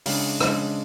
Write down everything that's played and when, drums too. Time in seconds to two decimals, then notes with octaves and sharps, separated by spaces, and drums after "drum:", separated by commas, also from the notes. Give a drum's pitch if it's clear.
0.06 C#3 G#3 D4, drum: open hi-hat
0.41 C#3 G#3 D4, drum: rim click